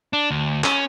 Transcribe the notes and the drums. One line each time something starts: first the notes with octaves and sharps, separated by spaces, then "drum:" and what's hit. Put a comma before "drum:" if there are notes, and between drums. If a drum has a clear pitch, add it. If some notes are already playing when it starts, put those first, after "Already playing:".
D4
D2
C#4, drum: clap